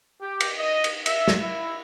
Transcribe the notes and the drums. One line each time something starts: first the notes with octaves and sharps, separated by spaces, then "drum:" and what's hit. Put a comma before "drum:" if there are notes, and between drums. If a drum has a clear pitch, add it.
G4
drum: cymbal
D#5
drum: cymbal
E5, drum: cymbal
drum: snare
E4